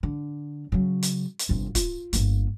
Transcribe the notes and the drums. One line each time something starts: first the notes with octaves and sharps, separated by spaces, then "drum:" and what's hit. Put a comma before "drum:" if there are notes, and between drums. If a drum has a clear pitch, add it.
D3
C#3 F#3
drum: hi-hat
drum: hi-hat
G1 C3
F4, drum: kick, hi-hat
G1 A#3, drum: hi-hat